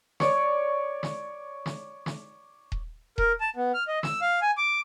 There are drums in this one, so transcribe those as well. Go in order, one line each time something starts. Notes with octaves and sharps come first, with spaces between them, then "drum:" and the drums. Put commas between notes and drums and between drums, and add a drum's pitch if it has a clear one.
C#5 D5, drum: snare
drum: snare
drum: snare
drum: snare
drum: kick D#1
A#4, drum: kick D#1
A5
B3
F6
D#5
E6, drum: snare
F5
G#5
D6